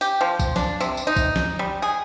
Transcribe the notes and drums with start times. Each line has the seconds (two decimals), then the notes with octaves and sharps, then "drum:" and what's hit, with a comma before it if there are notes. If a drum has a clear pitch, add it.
0.01 G4, drum: tambourine
0.21 F3
0.40 drum: kick A#1, tambourine
0.56 D4, drum: snare
0.80 C3, drum: tambourine
0.97 drum: tambourine
1.07 D#4
1.17 drum: kick A#1, tambourine
1.36 drum: snare
1.59 G3
1.82 G#4